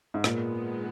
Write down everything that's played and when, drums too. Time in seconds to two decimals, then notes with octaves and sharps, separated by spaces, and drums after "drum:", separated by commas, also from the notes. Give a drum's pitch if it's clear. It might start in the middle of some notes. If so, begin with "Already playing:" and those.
0.14 G#2
0.24 A#2 D#3 G#3 B3, drum: rim click